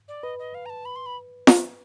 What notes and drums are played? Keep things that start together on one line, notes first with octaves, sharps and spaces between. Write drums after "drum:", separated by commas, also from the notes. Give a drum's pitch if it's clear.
D5
B4 D#5
D#5
F5
A#5
A5
B5
C6
B5
drum: snare F4